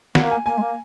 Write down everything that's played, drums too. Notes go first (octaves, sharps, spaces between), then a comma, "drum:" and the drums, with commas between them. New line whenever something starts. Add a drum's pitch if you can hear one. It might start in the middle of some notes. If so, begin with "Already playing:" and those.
A#3 F#5, drum: snare
G#5
A#3 G#5
G#3
A#3